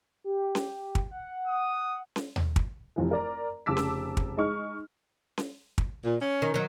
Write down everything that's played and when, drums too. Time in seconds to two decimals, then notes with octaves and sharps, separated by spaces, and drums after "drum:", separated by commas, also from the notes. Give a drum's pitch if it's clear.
0.24 G4
0.55 drum: snare C#4
0.95 drum: kick
1.11 F#5
1.47 D#6
2.16 drum: snare C#4
2.36 drum: tom D#2
2.56 drum: kick
2.96 F1 F2 E3
3.11 A#4 D5 A#5
3.66 F1 C#3 A5 D6 E6 B6
3.77 drum: snare C#4
4.17 drum: kick
4.37 G#3 D#4 D#5 C#6 F6
5.38 drum: snare C#4
5.78 drum: kick
6.04 A#2
6.21 C#4
6.42 D#3
6.54 D#3 F#3